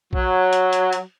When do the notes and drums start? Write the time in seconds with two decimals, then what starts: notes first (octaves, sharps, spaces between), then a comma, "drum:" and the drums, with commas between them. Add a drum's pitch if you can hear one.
0.13 F#3, drum: kick
0.53 drum: hi-hat
0.73 drum: hi-hat
0.93 drum: hi-hat